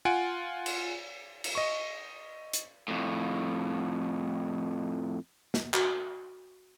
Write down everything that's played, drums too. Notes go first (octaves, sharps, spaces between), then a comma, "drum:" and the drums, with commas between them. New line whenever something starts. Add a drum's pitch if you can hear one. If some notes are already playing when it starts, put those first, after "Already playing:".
F4 F#5 G#5 D7
drum: cymbal
drum: cymbal
D#5 C#6
drum: hi-hat
F2 A2
drum: snare
F#4, drum: clap